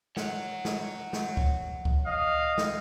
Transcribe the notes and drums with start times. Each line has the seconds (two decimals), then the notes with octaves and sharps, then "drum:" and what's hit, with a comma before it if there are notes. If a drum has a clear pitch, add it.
0.17 C#5 F#5, drum: snare
0.65 drum: snare
1.13 drum: snare
1.37 drum: kick C#2
1.85 drum: kick C#2
2.06 D#5 F5
2.58 drum: snare